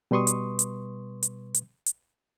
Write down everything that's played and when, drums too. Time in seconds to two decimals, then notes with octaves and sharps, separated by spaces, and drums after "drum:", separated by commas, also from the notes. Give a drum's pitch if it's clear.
0.11 B2 G3 B4 C6 C#6 D#6
0.27 drum: hi-hat
0.59 drum: hi-hat
1.23 drum: hi-hat
1.54 drum: hi-hat
1.86 drum: hi-hat